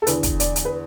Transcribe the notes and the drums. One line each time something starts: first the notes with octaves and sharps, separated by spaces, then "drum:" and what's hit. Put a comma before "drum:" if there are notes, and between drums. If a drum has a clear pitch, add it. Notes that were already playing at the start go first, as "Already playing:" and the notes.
A4
E2 D3 B4, drum: hi-hat
drum: kick, hi-hat
D5, drum: hi-hat
drum: hi-hat
B4